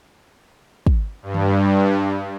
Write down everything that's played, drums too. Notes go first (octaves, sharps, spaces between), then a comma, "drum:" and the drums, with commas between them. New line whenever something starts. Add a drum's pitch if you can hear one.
drum: kick
G2
drum: tom D#3